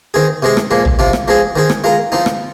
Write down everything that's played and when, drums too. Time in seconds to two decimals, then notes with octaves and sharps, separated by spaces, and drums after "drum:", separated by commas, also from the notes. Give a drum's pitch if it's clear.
0.14 D#3 C4 G#4
0.43 C3 G#3 C4 G#4
0.57 drum: rim click
0.71 A#2 F3 G#3
0.85 drum: tom
0.99 C3 F3 C4
1.13 drum: rim click
1.28 F3 G#3 C4 G#4
1.56 D#3 C4 G#4
1.70 drum: rim click
1.84 G#3 F4 A#4
2.12 F3 C4 D#4
2.26 drum: rim click